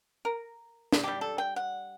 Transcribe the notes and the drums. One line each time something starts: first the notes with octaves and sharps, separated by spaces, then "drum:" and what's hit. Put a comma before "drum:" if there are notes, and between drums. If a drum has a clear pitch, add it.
A#4
drum: snare
G3 D4 G4
A4
G5
F#5